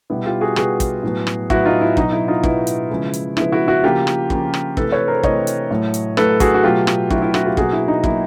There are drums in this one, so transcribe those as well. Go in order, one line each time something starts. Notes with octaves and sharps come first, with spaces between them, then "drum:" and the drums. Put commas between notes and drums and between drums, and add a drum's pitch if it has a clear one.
B2 G3 B3 E4
F4 G4
F#4 G#4
B2 G3 B3 F#4 G#4, drum: rim click
drum: kick, hi-hat
A2 F#3 B3
drum: rim click
A2 F#3 B3 E4 F#4, drum: kick
D#4 F4
E4
B2 F#3 B3 D#4, drum: kick
E4
D#4 F4
B2 F#3 B3 E4, drum: kick
drum: hi-hat
C#3 F3 G#3 B3
drum: hi-hat
C#3 F3 G#3 B3 E4, drum: rim click
E4 F#4
E4 F#4
C#3 F3 A#3 F4 G4
drum: rim click
C#3 F3 A#3, drum: kick
drum: rim click
C3 E3 A3 A4 B4, drum: kick
B4 C#5
A#4 C5
C3 E3 A3 C#5 D#5, drum: kick
drum: hi-hat
A2 F#3 A3
drum: hi-hat
A2 F#3 A3 A4 B4, drum: rim click
F#4 G#4, drum: kick, hi-hat
F#4
B2 F#3 A3 F4 G4
drum: rim click
B2 F#3 A3 E4 F#4, drum: kick
E4
E4 F#4, drum: rim click
F4 G4
B2 F#3 A#3 F#4 G#4, drum: kick
E4
D#4
B2 F#3 A#3 E4, drum: kick